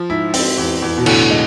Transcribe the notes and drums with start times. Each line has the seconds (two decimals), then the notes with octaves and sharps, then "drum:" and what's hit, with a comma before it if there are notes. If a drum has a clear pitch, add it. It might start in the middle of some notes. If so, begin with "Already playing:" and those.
Already playing: F3
0.10 G#2 E4
0.34 C4, drum: open hi-hat
0.58 E2
0.82 E2
0.98 B2
1.06 A2 D3, drum: cymbal
1.31 G#3